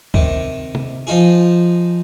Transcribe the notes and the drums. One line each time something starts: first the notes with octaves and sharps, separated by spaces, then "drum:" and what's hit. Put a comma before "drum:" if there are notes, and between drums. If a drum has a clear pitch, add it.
C3 D#3, drum: kick
drum: tom C3
F3 D#4 F4 G#4